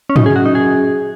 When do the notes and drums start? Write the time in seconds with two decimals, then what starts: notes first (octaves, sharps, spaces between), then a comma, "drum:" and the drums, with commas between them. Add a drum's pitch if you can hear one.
0.09 C#4
0.16 F#2 D#4, drum: tom G#2
0.26 G#4
0.36 F#4
0.46 D#4
0.55 G#4